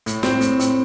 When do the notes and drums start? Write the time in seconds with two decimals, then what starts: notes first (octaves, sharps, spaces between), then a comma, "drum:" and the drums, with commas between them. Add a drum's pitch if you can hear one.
0.06 A2, drum: hi-hat
0.23 C4, drum: snare
0.41 A2, drum: hi-hat
0.60 C4, drum: hi-hat